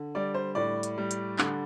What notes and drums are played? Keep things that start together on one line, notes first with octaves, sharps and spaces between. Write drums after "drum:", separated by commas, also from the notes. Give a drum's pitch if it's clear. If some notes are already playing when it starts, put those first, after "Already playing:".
Already playing: D3
G3 D5
C5
A2 D5
drum: hi-hat
G3
drum: hi-hat
D3, drum: clap